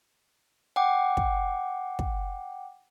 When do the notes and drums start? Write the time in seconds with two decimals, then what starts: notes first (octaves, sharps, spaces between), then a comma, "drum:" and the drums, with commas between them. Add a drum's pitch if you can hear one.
0.76 F#5 G5 D6
1.17 drum: kick
1.99 drum: kick